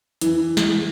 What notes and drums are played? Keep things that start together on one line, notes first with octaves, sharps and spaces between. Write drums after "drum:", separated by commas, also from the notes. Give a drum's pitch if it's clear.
E3, drum: hi-hat
drum: snare